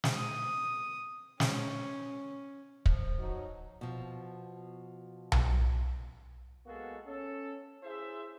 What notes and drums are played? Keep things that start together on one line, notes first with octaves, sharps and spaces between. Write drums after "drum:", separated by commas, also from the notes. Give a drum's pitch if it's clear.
drum: snare
D#6
C#4, drum: snare
F3, drum: kick
F#3 D#4
B2 F3
drum: tom B1
G#3 A#3 B3 F#4 G#4 A4
C#4 A4
C#3 E4 G#4 C5 E5